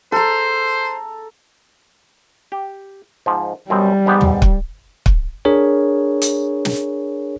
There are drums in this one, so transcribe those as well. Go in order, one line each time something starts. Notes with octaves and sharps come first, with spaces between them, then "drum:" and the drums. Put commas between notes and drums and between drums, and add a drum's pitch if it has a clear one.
A4 C5 A#5
G4
G#2 F3
F#2 B2 G3 C4
G#2 B3 G4
drum: tom
drum: kick
drum: kick
D4 G#4 A#4 C#5
drum: hi-hat
drum: snare